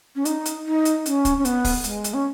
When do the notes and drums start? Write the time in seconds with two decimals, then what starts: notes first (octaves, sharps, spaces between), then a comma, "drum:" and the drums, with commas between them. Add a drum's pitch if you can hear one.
0.16 C#4
0.25 D#4, drum: hi-hat
0.45 drum: hi-hat
0.65 D#4
0.85 drum: hi-hat
1.06 C#4, drum: hi-hat
1.25 drum: kick, hi-hat
1.39 C#4
1.45 B3, drum: hi-hat
1.65 drum: kick, open hi-hat
1.84 G#3, drum: hi-hat
2.04 drum: hi-hat
2.14 C#4